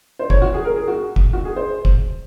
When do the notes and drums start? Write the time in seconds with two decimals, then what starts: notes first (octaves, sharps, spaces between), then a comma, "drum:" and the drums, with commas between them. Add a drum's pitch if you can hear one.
0.19 C5
0.30 C#5, drum: kick
0.42 F#4
0.54 G#4
0.64 A#4
0.76 G#4
0.88 F#4
1.16 drum: kick
1.33 F#4
1.45 G#4
1.56 C5
1.85 drum: kick